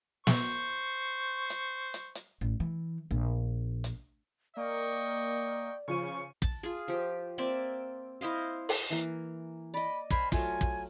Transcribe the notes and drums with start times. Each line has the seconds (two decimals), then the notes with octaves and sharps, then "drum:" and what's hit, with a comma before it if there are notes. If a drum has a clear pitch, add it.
0.27 C5 C#6, drum: snare
1.50 drum: hi-hat
1.94 drum: hi-hat
2.15 drum: hi-hat
2.41 A1
2.60 E3
3.11 A#1
3.84 drum: hi-hat
4.57 A#3 D5 D#5 G5 C#6
5.88 C#3 F3 C#6 D#7
6.42 A5, drum: kick
6.63 F4 G#4
6.88 F3 G4
7.38 A#3 C4 D5 E5
8.21 E4 C5 D#5 F5
8.69 drum: open hi-hat
8.90 E3 A#3
9.74 D5 D#5 B5
10.10 A#4 C5 G#5 B5, drum: kick
10.32 F#3 A3 F4 G#5, drum: kick
10.61 drum: kick